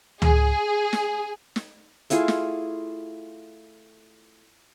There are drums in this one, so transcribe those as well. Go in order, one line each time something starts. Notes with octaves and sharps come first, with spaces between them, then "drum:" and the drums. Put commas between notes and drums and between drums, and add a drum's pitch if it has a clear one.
G#4, drum: tom C#2
drum: snare
drum: snare
A3 E4 F4 G#4, drum: hi-hat
drum: snare